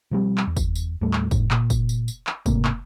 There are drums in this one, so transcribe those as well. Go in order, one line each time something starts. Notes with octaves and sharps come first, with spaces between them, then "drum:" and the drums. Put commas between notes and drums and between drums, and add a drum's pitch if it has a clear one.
B2 F3 G3 C4
drum: clap
E2
drum: kick, tambourine
drum: tambourine
D#2 A2 G3 A3
drum: clap
F2 A2, drum: kick, tambourine
A#2, drum: clap
drum: kick, tambourine
drum: tambourine
drum: tambourine
drum: clap
G#2 C3 A3 A#3, drum: kick, tambourine
drum: clap